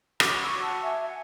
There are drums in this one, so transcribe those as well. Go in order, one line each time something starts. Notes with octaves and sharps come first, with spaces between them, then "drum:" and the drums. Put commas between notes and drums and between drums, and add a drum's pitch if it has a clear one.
F#4 C#5 B5 D6, drum: rim click
C#6 E6
F#5 A5
E5 G#5
F#5